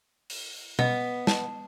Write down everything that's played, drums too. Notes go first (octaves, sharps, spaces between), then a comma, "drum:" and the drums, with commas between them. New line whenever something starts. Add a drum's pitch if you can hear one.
drum: open hi-hat
B3 D#5, drum: tom B2
A5, drum: snare